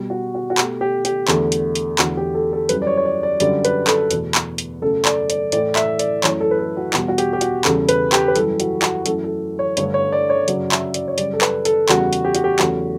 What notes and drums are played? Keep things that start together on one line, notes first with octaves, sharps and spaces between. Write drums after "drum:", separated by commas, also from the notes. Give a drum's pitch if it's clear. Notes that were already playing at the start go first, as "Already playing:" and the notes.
Already playing: B2 G3
F#4
F#4
F#4
B2 A3 G4, drum: clap
G4
G4, drum: hi-hat
E2 D3 A3, drum: clap
drum: hi-hat
drum: hi-hat
E2 D3 A3 F#4, drum: clap
G4
A4
A4
F#2 E3 G3 B4, drum: hi-hat
D5
C#5
C#5
D5
D5
F#2 D3 G3 D5, drum: hi-hat
B4, drum: hi-hat
A4, drum: clap
E2 B2 A3, drum: hi-hat
drum: clap
drum: hi-hat
F#2 C#3 F#3 A3 A4
D5, drum: clap
D5, drum: hi-hat
A2 E3 A3 D5, drum: hi-hat
E5, drum: clap
D5, drum: hi-hat
F#2 E3 A3 C#5, drum: clap
A4
B4
A4
F#4
E2 B2 G3 F#4, drum: clap
F#4
G4, drum: hi-hat
G4
F#4, drum: hi-hat
E2 C#3 G3 A4, drum: clap
B4, drum: hi-hat
G4, drum: clap
B4
F#2 E3 G3 A4, drum: hi-hat
F#4, drum: hi-hat
F#4, drum: clap
F#2 E3 A3 A4, drum: hi-hat
A4
C#5
G2 D3 A3 C#5, drum: hi-hat
C#5
D5
C#5
F#2 C#3 F#3 D5, drum: hi-hat
E5, drum: clap
D5, drum: hi-hat
C#5
F#2 C#3 G3 D5, drum: hi-hat
A4
B4, drum: clap
A4, drum: hi-hat
E2 C#3 G3 F#4, drum: clap
drum: hi-hat
G4
F#4, drum: hi-hat
G4
E2 C#3 F#3 A3 F#4, drum: clap